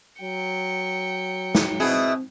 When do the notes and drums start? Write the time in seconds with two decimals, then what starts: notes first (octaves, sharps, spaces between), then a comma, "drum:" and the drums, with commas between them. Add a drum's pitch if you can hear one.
0.22 F#3 G5 C#7
1.55 drum: snare
1.80 B2 C4 E4 G#4